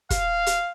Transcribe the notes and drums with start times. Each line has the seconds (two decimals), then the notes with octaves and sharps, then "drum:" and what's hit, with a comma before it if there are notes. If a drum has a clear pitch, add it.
0.10 F5, drum: kick, hi-hat
0.46 drum: hi-hat